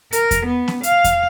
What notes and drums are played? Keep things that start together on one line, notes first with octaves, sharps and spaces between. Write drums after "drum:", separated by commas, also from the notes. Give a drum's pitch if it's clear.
A#4, drum: hi-hat
drum: kick E2, hi-hat
B3
drum: snare B3
F5, drum: hi-hat
drum: kick E2, hi-hat